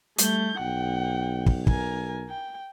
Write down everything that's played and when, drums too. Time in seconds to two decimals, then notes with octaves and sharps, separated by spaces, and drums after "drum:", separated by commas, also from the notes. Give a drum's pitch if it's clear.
0.18 G3 A3 G6, drum: hi-hat
0.60 B1 F#5 G5
1.46 drum: kick
1.67 A#4 G#5, drum: kick
2.30 G5